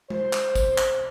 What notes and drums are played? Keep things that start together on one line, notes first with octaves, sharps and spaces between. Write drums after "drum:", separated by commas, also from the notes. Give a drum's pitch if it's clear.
C5, drum: tom G#3
drum: clap
drum: kick, tambourine
drum: clap